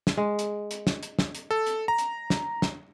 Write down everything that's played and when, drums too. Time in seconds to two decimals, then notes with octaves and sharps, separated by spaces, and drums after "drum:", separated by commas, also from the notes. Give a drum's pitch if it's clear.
0.07 drum: snare
0.17 G#3
0.39 drum: hi-hat
0.71 drum: hi-hat
0.87 drum: snare
1.03 drum: hi-hat
1.19 drum: snare
1.35 drum: hi-hat
1.51 A4
1.66 drum: hi-hat
1.88 A#5
1.98 drum: hi-hat
2.30 drum: snare
2.62 drum: snare